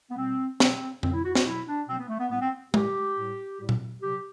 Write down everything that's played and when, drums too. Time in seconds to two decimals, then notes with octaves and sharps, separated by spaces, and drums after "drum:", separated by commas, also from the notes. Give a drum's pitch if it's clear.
0.10 B3
0.17 B2 G3 C4
0.60 B2 F#3 C4, drum: snare
1.03 B2 F#3 C4, drum: tom F2
1.13 E4
1.25 F#4
1.35 F#4, drum: snare
1.46 B2 F#3 E4
1.67 D4
1.88 B2 F#3 C4
1.99 B3
2.09 A3
2.20 B3
2.31 A2 G3 B3
2.41 C4
2.74 A2 G3 G4, drum: tom G#3
3.16 A2 G3
3.59 A2 G3
3.69 drum: tom A#2
4.02 C3 F#3 G4